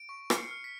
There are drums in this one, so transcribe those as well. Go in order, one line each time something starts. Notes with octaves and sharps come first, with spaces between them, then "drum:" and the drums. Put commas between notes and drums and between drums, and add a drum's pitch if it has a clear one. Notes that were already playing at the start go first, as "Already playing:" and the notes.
Already playing: D7
C#6
F6 C#7, drum: rim click
C7
C#7
F6
B6